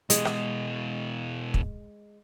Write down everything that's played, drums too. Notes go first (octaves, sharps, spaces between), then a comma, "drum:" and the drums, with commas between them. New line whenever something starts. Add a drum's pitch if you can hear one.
B2 E3 G#3, drum: hi-hat
drum: rim click
drum: kick